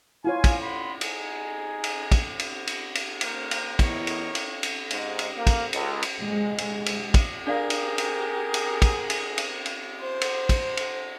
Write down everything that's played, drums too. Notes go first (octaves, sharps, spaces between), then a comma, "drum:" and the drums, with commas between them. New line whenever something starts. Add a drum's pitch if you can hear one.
E4 F4 C#5 F5 G#5
drum: kick, cymbal
F#5 B5 C6
D#4 G#4 G#5, drum: cymbal
drum: cymbal
drum: kick, cymbal
drum: cymbal
drum: cymbal
drum: cymbal
A#3 A#4 C5 F6, drum: cymbal
drum: cymbal
E2 E4 A#4 C#5 D#5, drum: kick, cymbal
drum: cymbal
drum: cymbal
drum: cymbal
G#2, drum: cymbal
drum: cymbal
A#3
drum: kick, cymbal
C#2, drum: cymbal
drum: cymbal
G#3
drum: cymbal
drum: cymbal
drum: kick, cymbal
D4 G4 G#4 A#4 D5 F5
drum: cymbal
drum: cymbal
drum: cymbal
drum: kick, cymbal
drum: cymbal
drum: cymbal
drum: cymbal
C5
drum: cymbal
drum: kick, cymbal
drum: cymbal